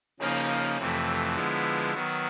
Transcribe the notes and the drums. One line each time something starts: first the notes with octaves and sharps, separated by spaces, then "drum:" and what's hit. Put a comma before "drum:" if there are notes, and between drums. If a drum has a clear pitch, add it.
C#3 F3 A#3 D#4, drum: cymbal
F2 C3 E3 A3
D3 F3 G#3 B3 E4
D#3 F#3 B3